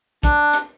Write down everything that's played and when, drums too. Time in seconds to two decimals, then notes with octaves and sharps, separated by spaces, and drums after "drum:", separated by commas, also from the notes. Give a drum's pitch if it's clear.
0.23 D4, drum: kick, hi-hat
0.53 drum: hi-hat